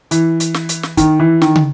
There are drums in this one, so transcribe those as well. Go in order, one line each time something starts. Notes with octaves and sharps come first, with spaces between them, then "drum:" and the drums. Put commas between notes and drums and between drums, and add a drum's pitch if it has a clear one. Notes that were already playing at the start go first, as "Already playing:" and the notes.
E3, drum: hi-hat
drum: hi-hat
drum: snare
drum: hi-hat
drum: snare
D#3, drum: kick, hi-hat
E3
D#3, drum: snare
drum: tom